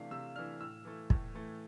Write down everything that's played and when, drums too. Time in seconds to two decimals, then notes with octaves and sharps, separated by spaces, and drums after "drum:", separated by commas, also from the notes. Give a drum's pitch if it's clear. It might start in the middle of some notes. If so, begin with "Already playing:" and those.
Already playing: C3 E3 A3 D4 F5
0.11 C3 E6
0.35 E3 A3 D4 F6
0.60 A2 E6
0.85 E3 A3
1.10 A2, drum: kick
1.35 E3 A3